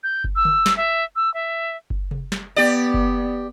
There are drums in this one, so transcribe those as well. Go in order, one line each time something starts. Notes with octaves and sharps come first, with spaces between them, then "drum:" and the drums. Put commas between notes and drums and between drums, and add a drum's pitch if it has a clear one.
G6
drum: kick F#1
E6
drum: tom D3
drum: snare
E5
E6
E5
drum: kick F#1
drum: tom C3
drum: snare
B3 G4 D5
drum: kick F#1